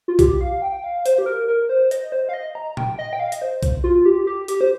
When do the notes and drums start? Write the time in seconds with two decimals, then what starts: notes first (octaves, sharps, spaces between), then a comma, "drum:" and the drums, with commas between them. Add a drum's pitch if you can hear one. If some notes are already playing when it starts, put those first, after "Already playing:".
0.08 F4
0.19 G4, drum: kick B1, hi-hat
0.41 F5
0.62 G5
0.84 F5
1.06 C5, drum: hi-hat
1.18 G4
1.26 A#4
1.48 A#4
1.69 C5
1.91 D#5, drum: hi-hat
2.12 C5
2.29 F5
2.33 D#5
2.55 A#5
2.77 G5, drum: tom A#2
2.99 D#5
3.13 G5
3.20 F5
3.32 D#5, drum: hi-hat
3.42 C5
3.63 drum: kick B1, hi-hat
3.84 F4
4.05 G4
4.27 G4
4.48 G4, drum: hi-hat
4.61 C5